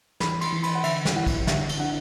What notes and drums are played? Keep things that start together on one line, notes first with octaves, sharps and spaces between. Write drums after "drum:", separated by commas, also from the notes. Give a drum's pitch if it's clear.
E3 B5, drum: snare
C6, drum: cymbal
E3
B5, drum: cymbal
F#5
D3 E5, drum: cymbal
drum: snare
E4 F#5
drum: kick, cymbal
D3 E5, drum: snare
drum: cymbal
D4 F#5